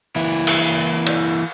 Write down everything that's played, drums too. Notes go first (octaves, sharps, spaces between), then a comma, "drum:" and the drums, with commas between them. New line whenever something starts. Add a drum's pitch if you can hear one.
E3 A#3 E4
drum: cymbal
drum: cymbal